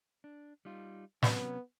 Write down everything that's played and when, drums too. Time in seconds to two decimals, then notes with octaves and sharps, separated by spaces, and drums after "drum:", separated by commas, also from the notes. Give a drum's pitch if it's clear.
0.24 D4
0.65 G3 D#4 F4
1.23 C3 F#3 B3 C#4, drum: snare